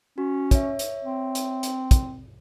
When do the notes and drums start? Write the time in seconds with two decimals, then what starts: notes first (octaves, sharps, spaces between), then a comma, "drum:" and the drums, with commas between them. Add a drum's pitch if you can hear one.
0.18 C#4 F#4
0.51 C#5 E5, drum: kick, hi-hat
0.79 drum: hi-hat
1.04 C4
1.35 drum: hi-hat
1.63 drum: hi-hat
1.91 drum: kick, hi-hat